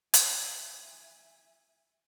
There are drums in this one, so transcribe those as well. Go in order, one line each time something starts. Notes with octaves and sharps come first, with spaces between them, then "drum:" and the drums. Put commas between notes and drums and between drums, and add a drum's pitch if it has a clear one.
E5 G#5, drum: hi-hat